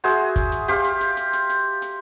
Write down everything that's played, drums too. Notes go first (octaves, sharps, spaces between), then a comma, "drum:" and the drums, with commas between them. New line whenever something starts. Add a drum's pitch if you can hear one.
F#4 G#4 C5 E5
drum: kick, hi-hat
drum: hi-hat
G4 C5 F5, drum: hi-hat
drum: hi-hat
drum: hi-hat
drum: hi-hat
drum: hi-hat
drum: hi-hat
drum: hi-hat